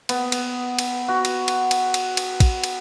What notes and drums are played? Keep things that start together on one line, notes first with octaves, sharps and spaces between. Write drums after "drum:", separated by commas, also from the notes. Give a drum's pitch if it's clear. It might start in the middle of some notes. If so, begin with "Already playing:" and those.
B3, drum: cymbal
drum: cymbal
drum: cymbal
F#4
drum: cymbal
drum: cymbal
drum: cymbal
drum: cymbal
drum: cymbal
drum: kick, cymbal
drum: cymbal